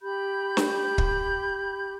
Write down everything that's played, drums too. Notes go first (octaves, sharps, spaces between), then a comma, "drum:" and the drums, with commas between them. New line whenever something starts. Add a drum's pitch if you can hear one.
G4 B5 G6
drum: snare
drum: kick